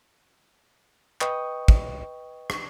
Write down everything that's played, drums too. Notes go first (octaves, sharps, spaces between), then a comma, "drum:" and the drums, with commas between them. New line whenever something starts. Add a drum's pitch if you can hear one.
B4 D#5 G5 C#6 D#6, drum: clap
drum: kick
drum: rim click